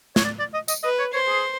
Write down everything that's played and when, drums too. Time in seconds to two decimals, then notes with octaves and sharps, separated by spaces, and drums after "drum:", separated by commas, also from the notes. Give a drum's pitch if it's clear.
0.16 C#5, drum: snare
0.24 D5
0.39 D5
0.54 D#5
0.68 D#5, drum: tambourine
0.83 B4 D#5
0.99 C#5
1.14 C5 C#5
1.28 G#4